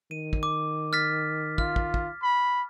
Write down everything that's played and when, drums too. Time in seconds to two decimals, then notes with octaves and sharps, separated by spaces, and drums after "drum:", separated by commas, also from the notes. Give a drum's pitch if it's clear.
0.11 D#3 D#7
0.33 drum: kick
0.43 D6
0.93 F6 A6 B6
1.58 F4 F6, drum: kick
1.76 drum: kick
1.94 drum: kick
2.22 B5